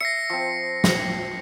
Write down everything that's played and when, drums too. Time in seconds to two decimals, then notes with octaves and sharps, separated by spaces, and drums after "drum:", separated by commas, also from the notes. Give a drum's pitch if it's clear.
0.01 E5 A#6 C7 C#7
0.30 F3 C4
0.84 drum: snare